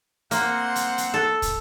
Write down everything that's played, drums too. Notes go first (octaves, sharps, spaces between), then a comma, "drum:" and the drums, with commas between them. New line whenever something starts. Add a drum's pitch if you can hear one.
A#3 C4 F#5 C6, drum: hi-hat
drum: hi-hat
drum: hi-hat
A4
drum: kick, hi-hat